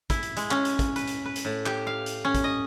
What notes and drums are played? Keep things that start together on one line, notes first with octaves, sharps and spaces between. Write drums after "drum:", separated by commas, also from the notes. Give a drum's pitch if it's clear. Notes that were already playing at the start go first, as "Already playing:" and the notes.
E4, drum: kick, hi-hat
drum: hi-hat
G#3, drum: hi-hat
C#4, drum: clap
drum: hi-hat
drum: kick, hi-hat
B4, drum: hi-hat
drum: hi-hat
B4
drum: hi-hat
A2
G4, drum: clap
F5
drum: hi-hat
C#4
drum: kick, hi-hat
D#5